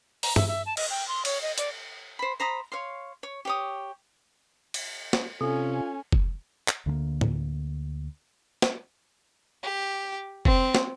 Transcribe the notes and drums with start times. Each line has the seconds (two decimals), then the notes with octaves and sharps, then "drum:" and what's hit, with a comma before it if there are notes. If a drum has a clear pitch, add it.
0.23 A#5, drum: open hi-hat
0.36 E5, drum: tom G2
0.48 E5
0.66 A5
0.77 D#5, drum: cymbal
0.90 G5
1.08 C6
1.25 C#5, drum: cymbal
1.42 D#5
1.58 D5, drum: hi-hat
2.19 C5 B5
2.40 C5 A#5 B5 D#6
2.72 C#5 F5 C6
3.23 C#5
3.45 G4 C#5 D#6
4.74 drum: cymbal
5.13 drum: snare
5.41 C3 C#4 F4 A4 G#5
6.12 drum: kick F1
6.68 drum: clap
6.86 D2 D3 A3 A#3
7.21 drum: tom A2
8.62 drum: snare
9.63 G4
10.45 C4, drum: kick F1
10.75 drum: snare